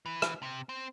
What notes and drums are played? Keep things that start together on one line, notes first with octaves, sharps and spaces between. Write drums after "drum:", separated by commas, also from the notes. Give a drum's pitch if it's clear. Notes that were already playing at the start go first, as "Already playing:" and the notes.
E3
drum: rim click
C3
C4